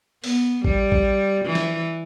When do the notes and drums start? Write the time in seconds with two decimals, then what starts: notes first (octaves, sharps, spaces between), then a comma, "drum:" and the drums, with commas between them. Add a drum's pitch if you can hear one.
0.24 B3, drum: open hi-hat
0.65 G3, drum: kick
0.92 drum: kick
1.45 E3
1.55 drum: snare